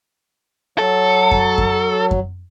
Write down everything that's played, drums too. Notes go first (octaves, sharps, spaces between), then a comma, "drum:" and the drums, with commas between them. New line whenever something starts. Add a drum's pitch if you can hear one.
F#3 A4
drum: kick F#2
drum: kick F#2
drum: kick F#2